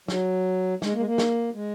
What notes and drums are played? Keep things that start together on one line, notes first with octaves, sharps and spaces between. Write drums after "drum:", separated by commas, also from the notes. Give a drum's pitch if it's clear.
F#3, drum: snare
G#3, drum: snare
A#3
G#3
A#3
drum: snare
G#3